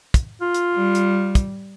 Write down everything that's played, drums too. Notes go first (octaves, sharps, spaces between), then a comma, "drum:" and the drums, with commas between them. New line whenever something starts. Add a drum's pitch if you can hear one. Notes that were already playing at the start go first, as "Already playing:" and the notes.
drum: kick, hi-hat
F4
drum: hi-hat
G3
drum: hi-hat
drum: kick, hi-hat